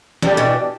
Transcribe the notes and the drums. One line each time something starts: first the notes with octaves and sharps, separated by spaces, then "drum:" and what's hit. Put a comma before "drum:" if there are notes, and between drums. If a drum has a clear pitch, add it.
D3 G3 D4 G4 D5 G5, drum: snare
B2 E3